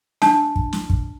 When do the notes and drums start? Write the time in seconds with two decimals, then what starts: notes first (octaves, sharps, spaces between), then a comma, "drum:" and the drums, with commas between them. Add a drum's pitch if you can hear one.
0.22 D4 A5, drum: snare
0.56 drum: kick
0.73 drum: snare
0.90 drum: kick